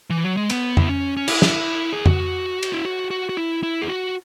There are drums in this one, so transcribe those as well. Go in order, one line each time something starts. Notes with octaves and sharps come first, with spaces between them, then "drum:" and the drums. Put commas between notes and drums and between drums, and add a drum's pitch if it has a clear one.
E3
F#3
G#3
B3, drum: cymbal
E4, drum: tom F2
C#4
C#4
E4, drum: cymbal
drum: snare
G#4
F#4, drum: tom F2
drum: cymbal
E4
F#4
F#4
F#4
E4
E4
G#4
F#4